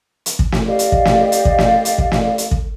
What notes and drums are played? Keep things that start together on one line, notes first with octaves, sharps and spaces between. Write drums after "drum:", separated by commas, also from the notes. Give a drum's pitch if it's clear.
drum: hi-hat
drum: kick
drum: snare
G4 D5 D#5 F5
drum: hi-hat
drum: kick
drum: snare
drum: hi-hat
drum: kick
drum: snare
drum: hi-hat
drum: kick
drum: snare
drum: hi-hat
drum: kick